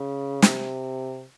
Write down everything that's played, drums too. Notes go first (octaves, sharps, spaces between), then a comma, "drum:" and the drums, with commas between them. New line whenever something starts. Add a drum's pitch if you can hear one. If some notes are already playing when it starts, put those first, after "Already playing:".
Already playing: C#3
C3, drum: snare